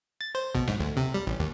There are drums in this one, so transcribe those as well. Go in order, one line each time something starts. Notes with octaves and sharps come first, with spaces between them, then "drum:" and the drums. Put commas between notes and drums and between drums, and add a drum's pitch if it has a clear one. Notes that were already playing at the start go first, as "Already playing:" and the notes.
A6
C5
B2, drum: kick G#1
G#2, drum: snare
D2
C3
G3
A1
D#2